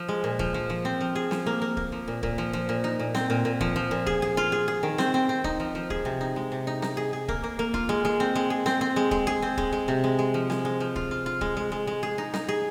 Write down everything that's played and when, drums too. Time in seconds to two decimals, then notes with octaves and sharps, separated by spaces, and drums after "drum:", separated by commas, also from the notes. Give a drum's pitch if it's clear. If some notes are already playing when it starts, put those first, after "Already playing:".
Already playing: F3
0.08 G#3
0.24 A#2
0.39 F3, drum: kick
0.54 F3
0.70 F3
0.85 C4
1.01 F3
1.16 G#4
1.31 F3, drum: snare
1.46 A#3
1.62 A#3
1.77 A#3, drum: kick
1.92 F3
2.08 A#2
2.23 A#2, drum: kick
2.38 F3
2.53 F3
2.69 A#2
2.84 D#4
2.99 A#2
3.15 C4, drum: snare
3.30 A#2
3.45 A#2
3.61 F3, drum: kick
3.76 F3
3.91 A#2
4.06 G#4, drum: kick
4.22 G#4
4.37 F4
4.52 G#4
4.68 G#4
4.83 D#3
4.98 C4, drum: snare
5.14 C4
5.29 C4
5.44 D#4, drum: kick
5.60 F3
5.75 F3
5.90 G#4, drum: kick
6.05 C3
6.21 D#4
6.36 G#3
6.52 C3
6.67 D#4
6.82 D#4, drum: snare
6.97 G#4
7.13 G#4
7.28 A#3, drum: kick
7.44 A#3
7.59 A#3
7.74 F4, drum: kick
7.89 G#3
8.05 G#3
8.20 C4
8.35 G#3
8.50 G#4
8.66 C4, drum: snare
8.81 C4
8.96 G#3
9.11 G#3, drum: kick
9.27 G#4
9.42 C4
9.58 G#3, drum: kick
9.73 G#3
9.88 C3
10.04 G#3
10.19 G#3
10.34 F3
10.50 G#3, drum: snare
10.65 G#3
10.80 F3
10.96 F4, drum: kick
11.11 F4
11.26 F4
11.41 G#3, drum: kick
11.57 G#3
11.72 G#3
11.87 G#3
12.03 G#4
12.18 D#4
12.34 D#4, drum: snare
12.49 G#4